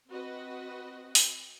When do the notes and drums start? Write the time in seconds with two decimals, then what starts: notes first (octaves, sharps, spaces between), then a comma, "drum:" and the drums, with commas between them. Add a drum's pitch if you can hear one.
0.11 C4 F#4 B4 D#5
1.15 drum: open hi-hat